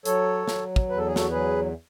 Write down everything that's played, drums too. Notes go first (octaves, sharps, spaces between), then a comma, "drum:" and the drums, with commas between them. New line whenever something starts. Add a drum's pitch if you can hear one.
F#3 A4 C#5, drum: hi-hat
F#3, drum: snare
drum: kick
E2 B4
A4
G#4
F#4 A4, drum: snare
F#3 G#4 B4